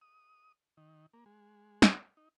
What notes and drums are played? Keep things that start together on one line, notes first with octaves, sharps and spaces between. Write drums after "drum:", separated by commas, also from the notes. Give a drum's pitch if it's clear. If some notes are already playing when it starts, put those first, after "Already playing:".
D#6
D#3
A#3
G#3
drum: snare
D#4